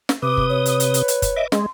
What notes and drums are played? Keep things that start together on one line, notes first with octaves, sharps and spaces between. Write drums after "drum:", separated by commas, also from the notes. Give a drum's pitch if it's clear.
drum: snare
C3 B4 D6 D#6
drum: kick
C#5
drum: hi-hat
drum: hi-hat
drum: hi-hat
drum: hi-hat
drum: kick, hi-hat
D#5 E5 D6
G#3 C6, drum: snare